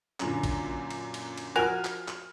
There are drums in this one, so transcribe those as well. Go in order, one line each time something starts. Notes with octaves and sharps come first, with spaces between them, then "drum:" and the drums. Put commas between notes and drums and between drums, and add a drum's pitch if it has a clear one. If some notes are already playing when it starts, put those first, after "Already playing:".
F#2 A#2 D3, drum: clap
drum: kick, cymbal
drum: cymbal
drum: cymbal
drum: cymbal
F3 F#4 A#4 G#5 F6
drum: clap
drum: clap